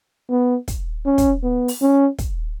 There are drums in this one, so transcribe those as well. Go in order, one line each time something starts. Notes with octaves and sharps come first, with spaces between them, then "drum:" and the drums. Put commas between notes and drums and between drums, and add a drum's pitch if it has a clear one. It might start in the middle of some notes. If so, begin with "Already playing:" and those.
B3
drum: kick, hi-hat
C#4
drum: kick, hi-hat
B3
drum: open hi-hat
C#4
drum: kick, hi-hat